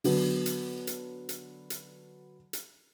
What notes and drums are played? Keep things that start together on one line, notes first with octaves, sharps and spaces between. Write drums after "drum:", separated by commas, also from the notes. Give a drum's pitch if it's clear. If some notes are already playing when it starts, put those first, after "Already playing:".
D3 F#3 B3, drum: open hi-hat
drum: hi-hat
drum: hi-hat
drum: hi-hat
drum: hi-hat
drum: hi-hat